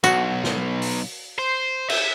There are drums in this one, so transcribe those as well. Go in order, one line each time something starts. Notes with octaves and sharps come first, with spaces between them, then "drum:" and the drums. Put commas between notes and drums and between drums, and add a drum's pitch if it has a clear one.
B1 F#4, drum: tambourine
drum: snare
drum: open hi-hat
C5
E5, drum: cymbal